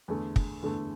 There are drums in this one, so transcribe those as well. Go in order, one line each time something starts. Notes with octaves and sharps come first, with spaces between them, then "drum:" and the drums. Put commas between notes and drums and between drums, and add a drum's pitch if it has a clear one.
E2 D3 A3
drum: kick
E2 D3 A3